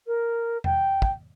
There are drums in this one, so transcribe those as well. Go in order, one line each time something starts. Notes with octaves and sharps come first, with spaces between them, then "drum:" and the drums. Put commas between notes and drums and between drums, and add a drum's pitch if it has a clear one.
A#4
G5, drum: tom E2
drum: kick